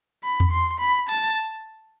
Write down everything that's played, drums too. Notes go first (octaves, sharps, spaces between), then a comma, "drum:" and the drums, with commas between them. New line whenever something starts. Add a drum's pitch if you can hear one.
B5
drum: tom E2
C6
B5
A5, drum: hi-hat